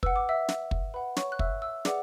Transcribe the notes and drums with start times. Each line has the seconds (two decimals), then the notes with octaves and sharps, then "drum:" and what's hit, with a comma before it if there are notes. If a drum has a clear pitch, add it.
0.03 B4 F#5 E6, drum: kick
0.16 D6
0.29 E5 E6
0.48 drum: snare
0.71 drum: kick
0.94 B4 F#5 B5
1.17 C#5 C#6, drum: snare
1.32 F#6
1.39 E5 E6, drum: kick
1.62 E5 E6
1.85 G#4 B4 D5 F#5 D6, drum: snare